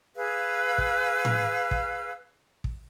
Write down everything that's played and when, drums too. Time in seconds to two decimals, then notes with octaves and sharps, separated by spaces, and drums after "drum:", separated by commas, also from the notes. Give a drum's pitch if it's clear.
0.16 G#4 B4 F5 E6
0.78 drum: kick
1.25 drum: tom A2
1.71 drum: kick
2.64 drum: kick